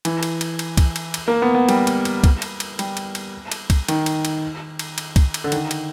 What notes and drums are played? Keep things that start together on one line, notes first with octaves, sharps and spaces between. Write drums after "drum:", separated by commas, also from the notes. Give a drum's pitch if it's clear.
E3, drum: cymbal
drum: cymbal
drum: cymbal
drum: cymbal
drum: kick C2, cymbal
drum: cymbal
drum: cymbal
A#3
B3
B3
G3, drum: cymbal
drum: cymbal
drum: cymbal
drum: kick C2, cymbal
drum: cymbal
drum: cymbal
G3, drum: cymbal
drum: cymbal
drum: cymbal
drum: cymbal
drum: kick C2, cymbal
D#3, drum: cymbal
drum: cymbal
drum: cymbal
drum: cymbal
drum: cymbal
drum: kick C2, cymbal
drum: cymbal
D3
D#3, drum: cymbal
drum: cymbal